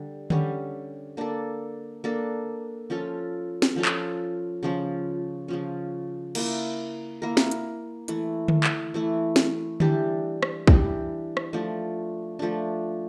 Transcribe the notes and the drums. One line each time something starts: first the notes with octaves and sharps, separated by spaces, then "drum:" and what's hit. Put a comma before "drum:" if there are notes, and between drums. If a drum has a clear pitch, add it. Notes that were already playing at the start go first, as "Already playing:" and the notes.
Already playing: D3 G3
D3 G3 C#4, drum: tom D3
A#3 D4 A4
A#3 D4 A4
F3 C#4 F4 A4
drum: snare
F3 C#4 F4 A4
drum: clap
C#3 F3 C#4
C#3 F3 C#4
A#3 E4 A#4, drum: cymbal
A#3 E4 A#4
drum: snare
drum: hi-hat
E3 A3 E4, drum: hi-hat
drum: tom D3
drum: clap
E3 A3 E4
drum: snare
E3 G3 D4 G4, drum: tom D3
drum: rim click
E3 G3 D4 G4, drum: kick
drum: rim click
F3 A3 D4
F3 A3 D4